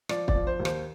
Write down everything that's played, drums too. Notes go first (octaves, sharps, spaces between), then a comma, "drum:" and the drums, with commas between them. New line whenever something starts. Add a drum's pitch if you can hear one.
F3 D5, drum: rim click
D5, drum: kick
F3
C5
D#2
C5, drum: rim click